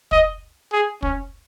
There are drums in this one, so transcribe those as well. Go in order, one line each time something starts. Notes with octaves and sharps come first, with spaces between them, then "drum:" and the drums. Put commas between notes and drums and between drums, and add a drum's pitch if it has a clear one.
D#5, drum: kick
G#4
C#4, drum: kick